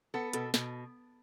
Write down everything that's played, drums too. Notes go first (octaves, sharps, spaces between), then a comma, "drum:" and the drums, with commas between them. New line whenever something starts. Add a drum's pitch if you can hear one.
B3 A4
B2 A4, drum: hi-hat
B2, drum: snare